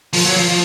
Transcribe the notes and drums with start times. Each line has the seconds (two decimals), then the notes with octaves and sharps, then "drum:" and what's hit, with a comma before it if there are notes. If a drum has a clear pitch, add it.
0.13 F3, drum: open hi-hat
0.25 F#3
0.36 F3
0.48 F3